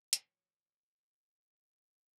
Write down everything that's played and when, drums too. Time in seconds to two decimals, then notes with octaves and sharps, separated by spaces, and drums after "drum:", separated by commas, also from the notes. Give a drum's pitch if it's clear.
0.13 A2 F3 C#5, drum: hi-hat